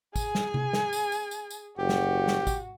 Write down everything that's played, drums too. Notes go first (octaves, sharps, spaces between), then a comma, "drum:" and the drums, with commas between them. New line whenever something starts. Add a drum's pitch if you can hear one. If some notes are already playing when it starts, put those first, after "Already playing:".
G#4 G#5, drum: kick, tambourine
drum: snare
drum: tom C3
drum: snare
drum: tambourine
drum: tambourine
drum: tambourine
drum: tambourine
F#1 F#4 G4
drum: snare
drum: snare
drum: kick, tambourine